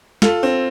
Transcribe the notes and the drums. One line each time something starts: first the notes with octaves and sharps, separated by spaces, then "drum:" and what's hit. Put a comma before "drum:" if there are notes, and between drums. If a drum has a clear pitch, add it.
F4 A4, drum: snare
C4